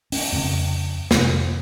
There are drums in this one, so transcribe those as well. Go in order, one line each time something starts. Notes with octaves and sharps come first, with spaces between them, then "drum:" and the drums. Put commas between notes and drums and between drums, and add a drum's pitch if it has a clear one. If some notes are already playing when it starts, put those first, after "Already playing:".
C#4, drum: open hi-hat
F2 C#3 C4
F2 C3 A#3, drum: snare